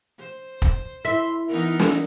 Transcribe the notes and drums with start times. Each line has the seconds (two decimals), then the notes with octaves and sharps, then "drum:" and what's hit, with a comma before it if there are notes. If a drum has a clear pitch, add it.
0.19 C5
0.62 drum: kick
1.05 E4 E5 C6
1.48 E3 B3 D#4 A#4
1.79 drum: snare